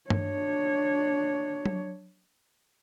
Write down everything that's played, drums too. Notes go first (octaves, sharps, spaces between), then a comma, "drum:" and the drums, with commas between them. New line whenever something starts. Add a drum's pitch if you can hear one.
D4 C#5, drum: tom
drum: tom F#3